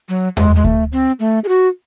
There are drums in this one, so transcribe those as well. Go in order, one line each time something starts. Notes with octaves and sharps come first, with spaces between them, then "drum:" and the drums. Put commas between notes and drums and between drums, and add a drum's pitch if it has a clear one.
F#3
G#3, drum: tom E2
G#3
A3, drum: kick D2
C4
A3
G#4
F#4